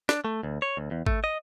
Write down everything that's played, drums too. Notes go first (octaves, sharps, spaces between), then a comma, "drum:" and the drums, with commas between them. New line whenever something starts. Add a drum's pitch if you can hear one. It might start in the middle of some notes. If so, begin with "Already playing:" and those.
D4, drum: snare
A3
D2
C#5
D2
E2
A3, drum: kick G#1
D#5